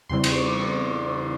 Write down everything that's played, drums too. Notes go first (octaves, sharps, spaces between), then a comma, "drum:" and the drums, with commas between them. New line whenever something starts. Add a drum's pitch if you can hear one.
E2 C#3 E3 G3 C4 C6
C#6, drum: cymbal
D6
C#6